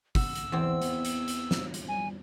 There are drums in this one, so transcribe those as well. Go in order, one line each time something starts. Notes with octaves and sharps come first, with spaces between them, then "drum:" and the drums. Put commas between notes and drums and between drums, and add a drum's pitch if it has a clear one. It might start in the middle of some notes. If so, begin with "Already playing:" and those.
F#5 E6, drum: kick, open hi-hat
drum: hi-hat
E2 E3 C4
B3, drum: hi-hat
drum: hi-hat
drum: hi-hat
drum: snare
drum: hi-hat
G3 G#5